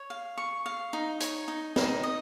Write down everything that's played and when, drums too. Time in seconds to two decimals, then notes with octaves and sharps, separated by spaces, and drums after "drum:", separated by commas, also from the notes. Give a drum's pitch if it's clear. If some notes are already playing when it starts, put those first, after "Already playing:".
Already playing: C#5
0.10 F5
0.37 C#6
0.66 F5
0.93 D#4
1.20 C#5, drum: hi-hat
1.48 D#4
1.76 D#4, drum: snare
2.03 D#5